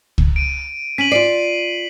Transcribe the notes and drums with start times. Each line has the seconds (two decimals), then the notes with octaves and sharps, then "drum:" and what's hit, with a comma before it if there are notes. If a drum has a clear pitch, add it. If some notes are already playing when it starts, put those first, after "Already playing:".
0.18 drum: kick C#2
0.36 D7 D#7
0.98 C#4 B6 D#7 F#7
1.12 F4 D5 C7